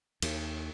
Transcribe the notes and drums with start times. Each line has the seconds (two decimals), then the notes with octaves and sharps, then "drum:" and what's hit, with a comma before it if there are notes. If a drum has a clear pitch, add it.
0.22 D#2, drum: cymbal